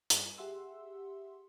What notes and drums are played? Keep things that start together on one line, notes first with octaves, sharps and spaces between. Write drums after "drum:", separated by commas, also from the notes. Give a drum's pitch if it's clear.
G2 G#4, drum: hi-hat
G4 G#4 E5 F#5 C6 E6